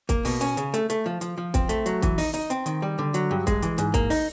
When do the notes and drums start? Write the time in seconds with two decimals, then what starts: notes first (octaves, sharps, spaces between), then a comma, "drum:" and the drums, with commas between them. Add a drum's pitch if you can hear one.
0.09 A#3, drum: kick, hi-hat
0.25 B2, drum: open hi-hat
0.41 C#4, drum: hi-hat
0.57 C#3, drum: hi-hat
0.74 A3, drum: hi-hat
0.90 A3, drum: hi-hat
1.06 F3
1.21 F3, drum: hi-hat
1.38 F3
1.54 C4, drum: kick, hi-hat
1.69 A3, drum: hi-hat
1.86 F#3, drum: hi-hat
2.02 E3, drum: kick, hi-hat
2.18 D#4, drum: open hi-hat
2.34 D#4, drum: hi-hat
2.50 C4, drum: hi-hat
2.66 D#3, drum: hi-hat
2.82 G3
2.99 D3
3.14 F#3, drum: hi-hat
3.31 G2
3.47 G#3, drum: kick, hi-hat
3.62 E3, drum: hi-hat
3.78 G#2, drum: hi-hat
3.94 A#3, drum: kick, hi-hat
4.10 D#4, drum: open hi-hat